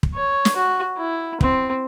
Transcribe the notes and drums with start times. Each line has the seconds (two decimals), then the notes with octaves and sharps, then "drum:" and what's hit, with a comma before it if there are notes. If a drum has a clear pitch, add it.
0.03 drum: kick
0.14 C#5
0.45 drum: snare
0.56 F#4
0.97 E4
1.41 C4, drum: kick